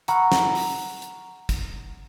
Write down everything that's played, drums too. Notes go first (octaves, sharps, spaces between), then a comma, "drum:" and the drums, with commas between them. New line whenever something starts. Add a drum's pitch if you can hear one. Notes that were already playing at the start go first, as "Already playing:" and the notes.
F#5 A#5 B5 C#6 E6 F6, drum: hi-hat
drum: snare
drum: open hi-hat
drum: hi-hat
drum: kick, hi-hat